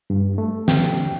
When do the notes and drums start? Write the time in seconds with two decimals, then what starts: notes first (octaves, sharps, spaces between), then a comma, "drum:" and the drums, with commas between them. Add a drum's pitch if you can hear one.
0.10 G2
0.38 A3
0.68 G5, drum: snare